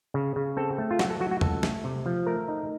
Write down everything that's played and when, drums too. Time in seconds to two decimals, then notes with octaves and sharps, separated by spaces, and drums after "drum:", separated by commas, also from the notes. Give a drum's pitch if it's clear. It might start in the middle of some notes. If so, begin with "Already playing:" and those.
0.14 C#3
0.36 C#3
0.57 C4 A4
0.78 A3
0.91 F4
0.99 F#3 F#4, drum: snare
1.10 A4
1.20 F#3 F#4
1.31 F#4
1.41 C#2 A4, drum: tom E2
1.63 A3, drum: snare
1.84 C3
2.06 F3
2.27 A3 A#4
2.48 D#4